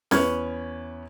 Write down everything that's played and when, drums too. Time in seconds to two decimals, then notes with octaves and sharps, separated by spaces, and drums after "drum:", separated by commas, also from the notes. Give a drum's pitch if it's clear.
0.11 E2 C#4 B4 C#6 F6 G#6, drum: snare C#4